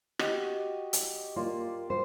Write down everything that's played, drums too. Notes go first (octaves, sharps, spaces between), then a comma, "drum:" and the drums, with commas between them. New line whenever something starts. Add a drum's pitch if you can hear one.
F#4 G4 D#5, drum: rim click
drum: hi-hat
A#3 F4 D5
C5